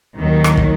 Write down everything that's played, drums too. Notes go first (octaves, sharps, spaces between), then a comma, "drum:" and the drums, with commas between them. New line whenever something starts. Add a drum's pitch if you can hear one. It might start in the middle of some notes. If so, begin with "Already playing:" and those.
D#2 D#3 F#3
drum: rim click
drum: kick